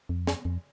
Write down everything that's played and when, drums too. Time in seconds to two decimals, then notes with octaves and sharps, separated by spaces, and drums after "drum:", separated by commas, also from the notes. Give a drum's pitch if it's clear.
0.09 F2
0.27 drum: snare
0.45 F2